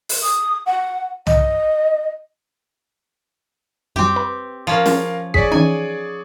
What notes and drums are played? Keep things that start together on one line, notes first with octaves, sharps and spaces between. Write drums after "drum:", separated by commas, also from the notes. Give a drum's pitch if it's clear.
drum: open hi-hat
D#6
F#5
D#5, drum: tom
F#2 G3 C4 G4
B4
F3 C#4 A#4 F5
drum: snare
G#4 C#5 D5 B6, drum: kick
E3 C#4 D#4 G#5